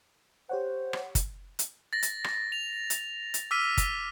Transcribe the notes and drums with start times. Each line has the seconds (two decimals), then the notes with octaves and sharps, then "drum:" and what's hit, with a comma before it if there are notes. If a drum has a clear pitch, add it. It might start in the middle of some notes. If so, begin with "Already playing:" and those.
0.49 G4 C5 C#5 F#5
0.93 drum: rim click
1.15 drum: kick, hi-hat
1.59 drum: hi-hat
1.93 A6 A#6
2.03 drum: hi-hat
2.24 drum: rim click
2.52 F7
2.90 drum: hi-hat
3.34 drum: hi-hat
3.51 D6 E6 F6 B6 D#7
3.77 drum: kick, hi-hat